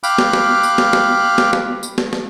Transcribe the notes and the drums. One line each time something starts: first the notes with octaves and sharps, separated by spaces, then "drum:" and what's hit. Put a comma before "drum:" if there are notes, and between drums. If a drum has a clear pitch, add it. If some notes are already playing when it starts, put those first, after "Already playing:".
F5 G5 B5 D6 F6 F#6, drum: tambourine
drum: snare
drum: snare
drum: tambourine
drum: snare
drum: snare
drum: snare
drum: snare
drum: tambourine
drum: snare
drum: snare